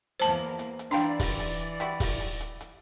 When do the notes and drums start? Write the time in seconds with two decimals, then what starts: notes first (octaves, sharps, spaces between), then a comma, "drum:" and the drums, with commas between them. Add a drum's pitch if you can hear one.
0.20 E2 A#3 C5 A5
0.59 drum: hi-hat
0.79 drum: hi-hat
0.91 E3 D4 D5 F5 G5 A#5 C6
1.20 drum: kick, open hi-hat
1.40 drum: hi-hat
1.80 G3 E4 F#4, drum: hi-hat
2.00 drum: kick, open hi-hat
2.20 drum: hi-hat
2.40 drum: hi-hat
2.61 drum: hi-hat